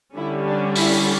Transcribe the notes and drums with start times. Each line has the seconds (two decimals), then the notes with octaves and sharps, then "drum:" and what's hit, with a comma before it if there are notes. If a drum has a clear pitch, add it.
0.16 D3 G3 C#4 E4
0.46 D4
0.76 E4, drum: open hi-hat